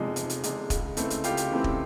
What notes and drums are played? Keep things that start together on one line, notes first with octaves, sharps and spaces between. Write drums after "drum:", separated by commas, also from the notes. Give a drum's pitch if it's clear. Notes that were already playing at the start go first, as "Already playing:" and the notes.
Already playing: F1 E2 C3 F3 G#3 D#4
F1, drum: hi-hat
drum: hi-hat
E2 C3 F3 G#3, drum: hi-hat
C#2, drum: kick, hi-hat
C#3 E3 A3 C4, drum: hi-hat
drum: hi-hat
C#2 F4 G4, drum: hi-hat
drum: hi-hat
C#3 E3 A3 C4
drum: kick